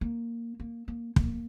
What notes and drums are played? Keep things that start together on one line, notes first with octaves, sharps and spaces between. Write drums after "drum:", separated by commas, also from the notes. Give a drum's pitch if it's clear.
A#3
A#3
A#3
A#3, drum: kick